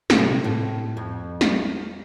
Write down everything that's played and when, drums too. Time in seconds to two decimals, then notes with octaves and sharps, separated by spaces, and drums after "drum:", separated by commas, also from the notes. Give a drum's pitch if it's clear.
0.10 D3, drum: snare
0.18 C3
0.44 A2
0.97 F2
1.41 drum: snare